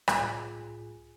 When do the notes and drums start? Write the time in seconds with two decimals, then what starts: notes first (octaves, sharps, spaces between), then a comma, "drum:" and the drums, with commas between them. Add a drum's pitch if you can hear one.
0.08 C2 A2 F4 G#4 G#5, drum: rim click